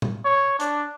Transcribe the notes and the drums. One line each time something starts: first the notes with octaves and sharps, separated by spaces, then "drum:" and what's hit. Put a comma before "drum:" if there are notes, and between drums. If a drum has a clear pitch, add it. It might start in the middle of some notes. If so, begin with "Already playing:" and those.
drum: tom A#2
C#5
D4, drum: hi-hat